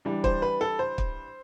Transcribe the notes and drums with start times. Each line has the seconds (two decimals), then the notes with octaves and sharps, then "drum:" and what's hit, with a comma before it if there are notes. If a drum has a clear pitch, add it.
0.05 E3 G3 D4
0.24 C5, drum: kick
0.42 B4
0.61 A4
0.79 C5
0.98 drum: kick